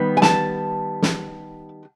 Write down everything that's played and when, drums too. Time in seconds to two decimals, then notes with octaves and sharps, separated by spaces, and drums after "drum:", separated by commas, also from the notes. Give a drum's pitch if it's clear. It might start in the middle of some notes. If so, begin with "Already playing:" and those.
Already playing: D#3 G3 B3
0.17 G#5
0.22 A5, drum: snare
1.02 drum: snare